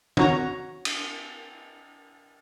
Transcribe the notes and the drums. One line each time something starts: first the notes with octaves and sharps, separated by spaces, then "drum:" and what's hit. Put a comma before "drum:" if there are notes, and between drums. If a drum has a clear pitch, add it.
F#4 C#5 A#5, drum: tom
drum: cymbal